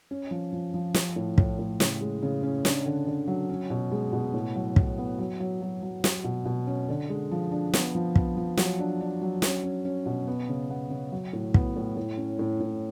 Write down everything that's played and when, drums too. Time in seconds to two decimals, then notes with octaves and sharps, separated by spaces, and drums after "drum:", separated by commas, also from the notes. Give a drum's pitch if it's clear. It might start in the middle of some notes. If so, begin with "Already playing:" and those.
0.11 C#4
0.31 F3
0.53 F3
0.74 F3
0.94 F3, drum: snare
1.16 A2
1.38 A2, drum: kick
1.59 A2
1.80 C#3, drum: snare
2.01 G#3
2.23 C#3
2.43 C#4
2.65 D4, drum: snare
2.86 D3
3.06 D3
3.28 F#3
3.49 C#4
3.70 B2
3.92 G#3
4.13 B2
4.34 A2
4.56 F#3
4.76 A2, drum: kick
4.98 B3
5.18 F#3
5.40 F#3
5.62 F#3
5.83 F#3
6.04 F#3, drum: snare
6.24 B2
6.45 B2
6.67 C#4
6.88 D3
7.09 G#3
7.31 F3
7.52 D4
7.73 B3, drum: snare
7.95 F3
8.16 B3, drum: kick
8.37 F3
8.57 F#3, drum: snare
8.79 D4
9.01 D4
9.21 F#3
9.42 C#4, drum: snare
9.64 C#4
9.85 C#4
10.06 B2
10.28 B3
10.49 C#3
10.70 B3
10.90 C#3
11.12 F#3
11.33 A2
11.54 B3, drum: kick
11.76 A2
11.97 A2
12.17 C#4
12.39 A2
12.60 A2